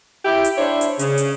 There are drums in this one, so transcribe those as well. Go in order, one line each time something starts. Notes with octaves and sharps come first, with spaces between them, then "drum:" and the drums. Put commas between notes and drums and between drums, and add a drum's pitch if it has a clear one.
E4 G4
drum: hi-hat
D4 E4 C5 C#5
drum: hi-hat
C#3, drum: hi-hat
drum: hi-hat